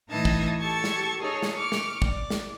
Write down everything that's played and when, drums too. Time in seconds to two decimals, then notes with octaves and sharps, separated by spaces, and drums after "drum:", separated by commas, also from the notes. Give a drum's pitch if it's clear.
0.11 A2 E3 D#4 A5 G#6 A#6
0.25 drum: kick
0.60 G4 A4 A5 C#6 G#6
0.84 drum: snare
1.20 D#4 G#4 A4 C#5
1.42 drum: snare
1.54 C#6 D6 F6
1.72 drum: snare
2.02 D5, drum: kick
2.30 drum: snare